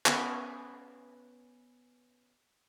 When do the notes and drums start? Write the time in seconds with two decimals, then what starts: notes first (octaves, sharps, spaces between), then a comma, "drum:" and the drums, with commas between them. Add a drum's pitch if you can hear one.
0.06 B3 C#4 G#5, drum: clap